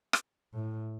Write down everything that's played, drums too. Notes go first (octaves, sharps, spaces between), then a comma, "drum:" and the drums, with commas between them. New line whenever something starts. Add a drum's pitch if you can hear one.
drum: rim click
A2